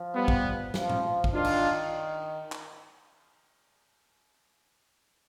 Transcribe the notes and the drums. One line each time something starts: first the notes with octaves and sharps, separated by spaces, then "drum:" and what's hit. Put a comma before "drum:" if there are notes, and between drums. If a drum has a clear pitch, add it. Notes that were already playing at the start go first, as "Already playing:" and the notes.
Already playing: F3
G3 B3
drum: kick
F3, drum: snare
drum: tom A2
drum: kick
D#3 D4 F4
drum: cymbal
drum: clap